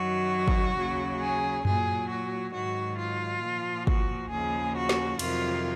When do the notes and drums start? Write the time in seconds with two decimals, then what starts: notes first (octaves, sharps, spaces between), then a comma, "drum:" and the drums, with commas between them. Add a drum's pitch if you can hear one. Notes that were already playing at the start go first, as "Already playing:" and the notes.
Already playing: F#2 D#3 F#3 F#4
0.48 drum: kick
0.77 D#2 C#3 F#3
1.21 G#4
1.65 A#2 F#3 G#4, drum: tom F#2
2.09 F#4
2.54 G#2 D#3 F#3 F#4
2.98 F4
3.43 A#2 F3
3.87 F#4, drum: kick
4.31 D#2 C#3 F3 G#4
4.76 F#4
4.89 drum: snare
5.19 F2 C3 D#3 F#3 F4, drum: cymbal